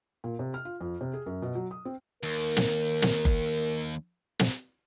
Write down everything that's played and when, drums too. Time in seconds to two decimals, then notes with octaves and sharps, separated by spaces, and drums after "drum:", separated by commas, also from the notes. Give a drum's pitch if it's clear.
0.24 A#2
0.39 C3
0.54 F6
0.65 F4
0.81 F2
1.01 C3
1.14 G#4
1.26 F#2
1.42 B2
1.55 F#3
1.71 D#6
1.85 C4
2.23 D#2 A#4
2.57 drum: snare
3.02 drum: snare
3.25 drum: kick F#1
4.39 drum: snare